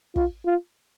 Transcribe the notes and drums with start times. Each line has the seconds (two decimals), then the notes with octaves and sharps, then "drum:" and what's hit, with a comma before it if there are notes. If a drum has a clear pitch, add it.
0.16 F4, drum: kick
0.46 F4